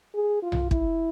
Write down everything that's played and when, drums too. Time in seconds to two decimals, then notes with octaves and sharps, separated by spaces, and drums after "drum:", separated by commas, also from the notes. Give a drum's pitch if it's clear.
0.14 G#4
0.43 F4
0.52 drum: tom B1
0.71 E4, drum: kick